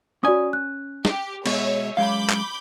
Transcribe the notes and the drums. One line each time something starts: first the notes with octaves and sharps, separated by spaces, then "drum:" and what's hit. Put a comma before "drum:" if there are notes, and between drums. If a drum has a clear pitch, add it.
C#4 F#4 D5 G#5 D#6
F#6
G4, drum: snare
B2 G#3 C#5 E5, drum: cymbal
F#2 G#3 F5 B5 D6 G6
drum: clap